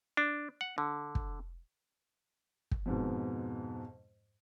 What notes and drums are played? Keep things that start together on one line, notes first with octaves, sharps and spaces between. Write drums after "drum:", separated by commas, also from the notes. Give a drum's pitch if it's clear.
D4
F#5
D3
drum: kick
drum: kick
F2 G#2 B2